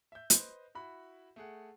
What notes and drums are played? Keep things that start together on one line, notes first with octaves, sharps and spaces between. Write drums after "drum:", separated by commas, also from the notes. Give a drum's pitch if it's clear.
E5 G6
B4 C5 D#5 G6, drum: hi-hat
E4 F#4 B5
A3 G#4 F#5